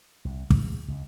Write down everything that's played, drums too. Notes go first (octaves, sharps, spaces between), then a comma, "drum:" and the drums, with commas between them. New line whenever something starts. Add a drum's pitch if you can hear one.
C2
E2, drum: kick
C#2